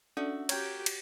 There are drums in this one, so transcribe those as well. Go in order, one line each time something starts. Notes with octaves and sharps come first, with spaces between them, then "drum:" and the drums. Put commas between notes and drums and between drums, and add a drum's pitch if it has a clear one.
C#4 D4 F#4 A4 E5
F#4 G4 A#4 C#5 G5 G#6, drum: cymbal
drum: cymbal